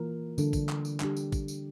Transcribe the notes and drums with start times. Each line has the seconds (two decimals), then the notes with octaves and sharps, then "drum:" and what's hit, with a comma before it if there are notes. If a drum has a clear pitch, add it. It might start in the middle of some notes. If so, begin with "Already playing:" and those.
Already playing: E3 A#3 F4 A#4
0.38 D3 G3 D4 A4, drum: tambourine
0.53 drum: kick, tambourine
0.69 drum: clap
0.85 drum: tambourine
1.00 G3 D4 G4, drum: clap
1.17 drum: tambourine
1.32 drum: kick, tambourine
1.48 drum: tambourine